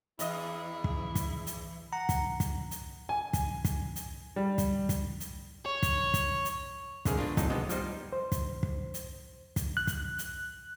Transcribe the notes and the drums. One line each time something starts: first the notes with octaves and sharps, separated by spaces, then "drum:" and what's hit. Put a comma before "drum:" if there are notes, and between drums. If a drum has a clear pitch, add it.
E2 E4 D#5, drum: hi-hat
drum: kick
drum: kick, hi-hat
drum: hi-hat
F#5 A#5
drum: kick, hi-hat
drum: kick, hi-hat
drum: hi-hat
G#5
drum: kick, hi-hat
drum: kick, hi-hat
drum: hi-hat
G3
drum: kick, hi-hat
drum: kick, hi-hat
drum: hi-hat
C#5
drum: kick, hi-hat
drum: kick, hi-hat
drum: hi-hat
C2 G#2 D3 D#3 G#4 F5, drum: kick, hi-hat
B2 D4 F4 A#4
G#1 F2 A2 F#3 D#4 A5, drum: kick, hi-hat
C3 G#3 B3 D#5
F3 G3 D#4 C5, drum: hi-hat
C5
drum: kick, hi-hat
drum: kick
drum: hi-hat
drum: kick, hi-hat
F#6
drum: kick, hi-hat
drum: hi-hat